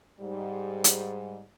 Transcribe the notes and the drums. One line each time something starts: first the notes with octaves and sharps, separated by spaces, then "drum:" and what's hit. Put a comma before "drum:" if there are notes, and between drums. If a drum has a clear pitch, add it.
G#2 G3
drum: hi-hat